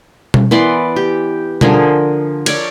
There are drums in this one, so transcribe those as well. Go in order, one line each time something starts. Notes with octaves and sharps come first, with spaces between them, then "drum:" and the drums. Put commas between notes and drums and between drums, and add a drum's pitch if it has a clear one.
drum: tom B2
E3 B3 D5 C6
G4
D3 F3 G#4 A#4, drum: tom B2
C#5 D5, drum: cymbal